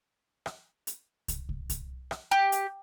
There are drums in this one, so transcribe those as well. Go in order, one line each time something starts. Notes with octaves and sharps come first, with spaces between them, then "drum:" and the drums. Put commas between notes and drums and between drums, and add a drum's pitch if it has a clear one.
drum: rim click
drum: hi-hat
drum: kick, hi-hat
drum: kick
drum: kick, hi-hat
drum: rim click
G4
drum: hi-hat